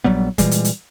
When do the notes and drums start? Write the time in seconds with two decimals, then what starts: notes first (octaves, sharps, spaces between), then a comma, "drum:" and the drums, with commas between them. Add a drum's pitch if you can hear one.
0.04 A#1 F#3 G3 B3
0.38 A#2 E3 G3 G#3, drum: kick, hi-hat
0.51 drum: hi-hat
0.65 drum: hi-hat